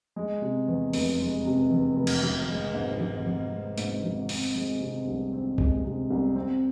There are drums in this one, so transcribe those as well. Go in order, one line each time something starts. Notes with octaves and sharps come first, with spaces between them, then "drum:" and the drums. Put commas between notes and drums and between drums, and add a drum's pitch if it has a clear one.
G#3
C3
E2
F1, drum: open hi-hat
G#3
C3
E2
F1
drum: cymbal
G#1
G#3
G#2
G#1
G#1
G#3
G#2, drum: hi-hat
G#1
C4, drum: open hi-hat
G#3
C3
C2
C4
G#3, drum: kick C2
C3
C2
C4